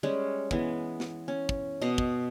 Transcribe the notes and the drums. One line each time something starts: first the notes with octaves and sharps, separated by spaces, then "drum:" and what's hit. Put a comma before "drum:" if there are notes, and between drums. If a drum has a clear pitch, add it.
G3 G#3 C#4
E3 G#3 B3, drum: kick
drum: snare
C#4
drum: kick
B2 D#5 A#5 C6
drum: kick